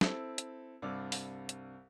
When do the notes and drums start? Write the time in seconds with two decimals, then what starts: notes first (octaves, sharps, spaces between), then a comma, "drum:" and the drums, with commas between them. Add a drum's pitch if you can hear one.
0.01 C4 E4 A4, drum: snare
0.38 drum: hi-hat
0.82 C2 G2 D5 D6 E6 F6
1.12 drum: open hi-hat
1.49 drum: hi-hat